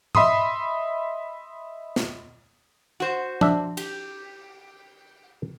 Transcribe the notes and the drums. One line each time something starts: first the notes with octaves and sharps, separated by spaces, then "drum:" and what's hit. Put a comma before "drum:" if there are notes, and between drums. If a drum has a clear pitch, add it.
D#5 E5 B5 C6 D#6, drum: tom G#2
drum: snare
F#4 C5
D4 E5, drum: tom F3
G4, drum: cymbal